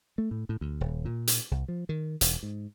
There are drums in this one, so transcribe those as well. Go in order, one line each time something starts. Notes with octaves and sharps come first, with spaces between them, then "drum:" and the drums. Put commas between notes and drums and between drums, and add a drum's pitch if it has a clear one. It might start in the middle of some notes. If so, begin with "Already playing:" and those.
A3
A2
A2
D2
D#1
A#2
drum: hi-hat
C2
F3
D#3
E1, drum: hi-hat
G#2